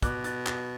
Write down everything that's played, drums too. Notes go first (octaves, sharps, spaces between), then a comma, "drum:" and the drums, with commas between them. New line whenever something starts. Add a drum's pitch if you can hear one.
B2 D6 F#6, drum: kick, hi-hat
F#6 A6, drum: hi-hat
F#6 A6, drum: clap